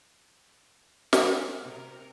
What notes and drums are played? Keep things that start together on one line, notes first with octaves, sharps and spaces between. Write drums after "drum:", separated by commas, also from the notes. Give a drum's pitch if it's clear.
B4 G#5, drum: snare
C3 A#4